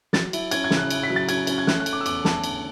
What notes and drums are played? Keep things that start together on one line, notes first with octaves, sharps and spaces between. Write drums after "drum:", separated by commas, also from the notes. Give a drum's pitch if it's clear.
F#3 A6, drum: snare
E4, drum: cymbal
C#4 G#6, drum: cymbal
G#6
C#3, drum: snare
F#6
E4, drum: cymbal
B6
F#3
A6
C#4 G#6, drum: cymbal
C#4, drum: cymbal
G#6
A3 F#6, drum: snare
F#6
A3, drum: cymbal
D6
E6
E2 D6, drum: cymbal
A3 A5, drum: snare
D3, drum: cymbal